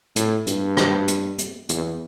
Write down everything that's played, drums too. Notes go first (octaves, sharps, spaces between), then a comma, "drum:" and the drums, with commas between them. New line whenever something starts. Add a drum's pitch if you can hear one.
A2, drum: hi-hat
G2, drum: hi-hat
drum: rim click
drum: hi-hat
drum: hi-hat
E2, drum: hi-hat